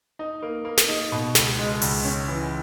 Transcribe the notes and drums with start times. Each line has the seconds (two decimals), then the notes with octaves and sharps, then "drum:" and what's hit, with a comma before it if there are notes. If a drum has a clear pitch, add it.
0.19 D#4
0.42 A#3
0.65 A#3
0.78 drum: snare
0.88 D#4
1.12 B2
1.35 C#2, drum: snare
1.59 G#3
1.82 C#2, drum: open hi-hat
2.05 C#4
2.28 E3